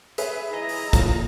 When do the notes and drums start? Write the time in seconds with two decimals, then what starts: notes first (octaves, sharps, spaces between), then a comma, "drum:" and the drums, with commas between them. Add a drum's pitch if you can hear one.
0.18 G#4 B4 E5, drum: hi-hat
0.53 E4 D#5 A#5
0.69 drum: open hi-hat
0.93 A#2 F3, drum: kick, hi-hat